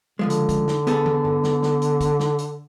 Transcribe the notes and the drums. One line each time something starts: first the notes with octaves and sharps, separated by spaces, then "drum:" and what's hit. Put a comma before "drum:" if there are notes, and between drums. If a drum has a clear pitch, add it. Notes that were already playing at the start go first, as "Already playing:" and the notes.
C#2 D3 F3 G#3
drum: hi-hat
drum: kick, hi-hat
drum: snare
B3 G#4 A4, drum: hi-hat
drum: tom
drum: tom G2
drum: snare
drum: snare
drum: hi-hat
drum: kick, hi-hat
drum: snare
drum: hi-hat